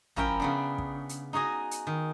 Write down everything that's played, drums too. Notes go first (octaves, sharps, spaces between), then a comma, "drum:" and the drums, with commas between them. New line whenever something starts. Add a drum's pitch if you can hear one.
F3 C#4 E4 A#4 E5 G5, drum: tom
C#3 B3 D4
drum: kick
drum: hi-hat
D#4 F#4 G#4 D#5
drum: hi-hat
D#3